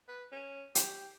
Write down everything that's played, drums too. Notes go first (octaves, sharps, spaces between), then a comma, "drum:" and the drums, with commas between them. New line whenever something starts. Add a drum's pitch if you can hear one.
B4
C#4
G4, drum: hi-hat